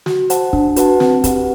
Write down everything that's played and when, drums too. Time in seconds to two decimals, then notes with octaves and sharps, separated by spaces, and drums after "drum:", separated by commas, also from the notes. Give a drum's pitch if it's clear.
0.06 F#4, drum: snare
0.30 C5 F#5 A5, drum: hi-hat
0.53 D4, drum: kick
0.76 F#4 B4 F#5 A5, drum: hi-hat
1.00 C4, drum: snare
1.24 G4 B4 F#5, drum: kick, hi-hat